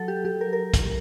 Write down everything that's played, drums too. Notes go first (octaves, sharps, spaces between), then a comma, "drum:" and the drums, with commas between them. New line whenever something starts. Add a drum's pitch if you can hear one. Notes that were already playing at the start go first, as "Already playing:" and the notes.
Already playing: F#3 A4
G4
F#3 G4
A#4
A#4
drum: kick, hi-hat